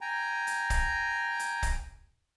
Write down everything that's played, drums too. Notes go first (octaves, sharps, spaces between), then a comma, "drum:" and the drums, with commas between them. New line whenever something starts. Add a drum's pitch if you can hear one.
G5 G#5 A#5
drum: hi-hat
drum: kick, hi-hat
drum: hi-hat
drum: kick, hi-hat